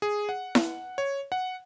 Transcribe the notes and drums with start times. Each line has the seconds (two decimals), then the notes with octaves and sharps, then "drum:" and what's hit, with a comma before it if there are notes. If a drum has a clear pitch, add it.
0.02 G#4
0.29 F#5
0.55 drum: snare E4
0.98 C#5
1.32 F#5